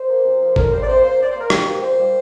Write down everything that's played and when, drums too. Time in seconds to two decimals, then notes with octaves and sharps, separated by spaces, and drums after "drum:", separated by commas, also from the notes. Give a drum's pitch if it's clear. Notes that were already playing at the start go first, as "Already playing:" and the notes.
Already playing: C5
0.09 A#3
0.24 C3
0.40 F3 A#3
0.56 D3 A#4, drum: kick G#1
0.72 G3 A#3 C5
0.83 D5
0.88 C3 C5
1.03 A#3 C5
1.19 C3 D5
1.30 C5
1.35 A#3 A#4
1.50 A#2 G4, drum: rim click
1.66 F3 A#3
1.82 A#2 C5
1.98 G3 A#3